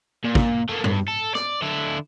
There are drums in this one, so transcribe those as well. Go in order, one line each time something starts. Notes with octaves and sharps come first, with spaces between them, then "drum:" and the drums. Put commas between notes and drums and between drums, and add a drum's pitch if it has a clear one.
A#2
drum: kick
A3 A#3
G2, drum: tom G#2
A4
D5, drum: rim click
D3 E4